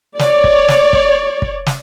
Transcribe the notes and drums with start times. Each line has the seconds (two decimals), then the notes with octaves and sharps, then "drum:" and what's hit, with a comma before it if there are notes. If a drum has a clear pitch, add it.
0.19 C#5 D5, drum: snare
0.44 drum: kick
0.68 drum: snare
0.93 drum: kick
1.42 drum: kick
1.66 drum: snare